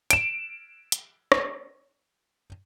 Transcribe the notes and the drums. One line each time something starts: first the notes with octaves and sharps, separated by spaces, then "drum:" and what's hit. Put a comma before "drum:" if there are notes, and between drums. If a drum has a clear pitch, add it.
D7 E7, drum: hi-hat
drum: hi-hat
drum: rim click